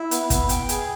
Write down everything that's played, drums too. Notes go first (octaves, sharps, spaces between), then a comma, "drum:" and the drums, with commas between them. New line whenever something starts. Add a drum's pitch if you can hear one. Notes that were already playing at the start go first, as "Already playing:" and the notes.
Already playing: E4
B3, drum: hi-hat
B3, drum: kick, hi-hat
G5, drum: hi-hat
G#4, drum: hi-hat